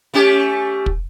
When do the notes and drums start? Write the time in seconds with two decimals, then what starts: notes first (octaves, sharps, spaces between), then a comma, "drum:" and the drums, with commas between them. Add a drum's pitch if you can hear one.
0.14 A3 C#4 G4
0.86 drum: kick